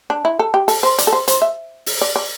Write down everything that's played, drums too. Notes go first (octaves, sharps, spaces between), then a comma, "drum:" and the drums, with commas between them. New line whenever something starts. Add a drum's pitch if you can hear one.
D4
E4
A4
G4
A4, drum: open hi-hat
C5
D5, drum: hi-hat
A4
C5
C5, drum: hi-hat
E5
drum: open hi-hat
D5
D5